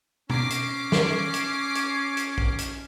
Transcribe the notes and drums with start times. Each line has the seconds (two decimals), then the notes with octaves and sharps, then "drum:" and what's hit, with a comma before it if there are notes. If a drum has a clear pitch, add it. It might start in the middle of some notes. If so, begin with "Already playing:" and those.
0.30 C#4 D6 A#6 C7, drum: tom
0.50 drum: hi-hat
0.92 drum: snare
1.34 drum: hi-hat
1.75 drum: hi-hat
2.17 drum: hi-hat
2.38 drum: kick A#1
2.58 drum: hi-hat